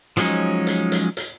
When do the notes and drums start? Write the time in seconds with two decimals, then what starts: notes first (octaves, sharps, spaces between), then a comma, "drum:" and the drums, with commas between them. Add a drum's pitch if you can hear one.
0.17 F3 F#3 G#3 C#4 D#4, drum: hi-hat
0.67 drum: hi-hat
0.92 drum: hi-hat
1.17 drum: hi-hat